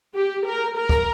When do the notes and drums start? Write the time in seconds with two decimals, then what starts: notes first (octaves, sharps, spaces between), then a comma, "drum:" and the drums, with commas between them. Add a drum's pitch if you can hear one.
0.15 G4
0.46 A#4
0.77 A#4
0.89 drum: kick